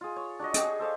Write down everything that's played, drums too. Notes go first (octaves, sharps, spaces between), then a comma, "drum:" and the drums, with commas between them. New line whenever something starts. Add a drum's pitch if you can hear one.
F4 G#4
C#5
D4 F#4 C#5 D#5
G4 G#4, drum: hi-hat
A4 C5 E5 F5